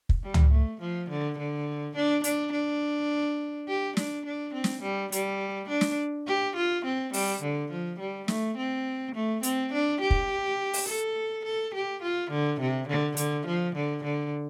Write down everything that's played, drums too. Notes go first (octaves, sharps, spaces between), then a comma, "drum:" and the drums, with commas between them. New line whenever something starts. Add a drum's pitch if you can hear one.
drum: kick
G3
drum: tom C#2
A3
F3
D3
D3
D4
D4, drum: hi-hat
D4
G4
D4, drum: snare
D4
C4
drum: snare
G3
G3, drum: hi-hat
D4
drum: snare
G4
F4
C4
G3, drum: open hi-hat
D3
F3
G3
A3, drum: snare
C4
A3
C4, drum: hi-hat
D4
G4
drum: kick
drum: open hi-hat
A4
A4
G4
F4
D3
C3
D3
D3, drum: hi-hat
F3
D3
D3